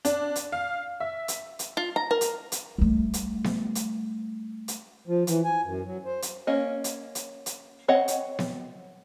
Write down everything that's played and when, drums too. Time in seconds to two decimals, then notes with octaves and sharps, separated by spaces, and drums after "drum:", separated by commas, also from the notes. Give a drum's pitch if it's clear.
0.05 D4, drum: hi-hat
0.36 drum: hi-hat
0.52 F5
1.00 E5
1.28 drum: hi-hat
1.59 drum: hi-hat
1.77 F4
1.96 A#5
2.11 A#4
2.21 drum: hi-hat
2.52 drum: hi-hat
2.78 G3 A3
3.14 drum: hi-hat
3.44 drum: snare B3
3.75 drum: hi-hat
4.68 drum: hi-hat
5.07 F3
5.27 E3, drum: hi-hat
5.44 G#5
5.65 F#2
5.85 F#3
6.05 C5
6.22 drum: hi-hat
6.47 A#3 C#4 D#5
6.84 drum: hi-hat
7.15 drum: hi-hat
7.46 drum: hi-hat
7.88 C4 C#5 D#5 F#5
8.08 drum: hi-hat
8.39 drum: snare B3